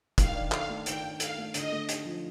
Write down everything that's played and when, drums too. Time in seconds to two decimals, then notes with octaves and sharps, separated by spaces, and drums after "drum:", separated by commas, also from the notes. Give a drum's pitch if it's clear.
0.18 D#3 F5, drum: kick, hi-hat
0.35 D4
0.52 A4 F5, drum: clap
0.69 A3
0.86 D#3 G5, drum: hi-hat
1.04 D4
1.20 A4 F5, drum: hi-hat
1.38 A3
1.54 D3 D#5, drum: hi-hat
1.72 A3
1.89 D#4, drum: hi-hat
2.05 F3